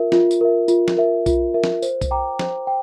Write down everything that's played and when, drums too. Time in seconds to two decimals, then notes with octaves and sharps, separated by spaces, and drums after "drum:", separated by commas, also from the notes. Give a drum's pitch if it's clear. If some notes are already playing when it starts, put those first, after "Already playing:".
Already playing: F4 A#4 E5
0.12 F4, drum: snare
0.31 drum: tambourine
0.41 A#4 E5
0.68 F4, drum: tambourine
0.88 drum: snare
0.97 A#4 E5
1.26 F4, drum: kick B1, tambourine
1.54 A#4 E5
1.64 drum: snare
1.82 C5, drum: tambourine
2.01 drum: kick B1, tambourine
2.11 G5 A#5 D6
2.39 C5, drum: snare
2.67 G5